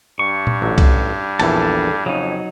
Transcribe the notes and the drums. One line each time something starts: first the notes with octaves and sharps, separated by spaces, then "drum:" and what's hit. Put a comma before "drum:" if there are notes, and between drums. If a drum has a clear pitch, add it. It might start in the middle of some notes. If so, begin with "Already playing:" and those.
G2 C#6
drum: tom A#2
A1 F#3
drum: kick, cymbal
A#1 E2 E3 A4 A5, drum: cymbal
F2 C#3 F#3 D#4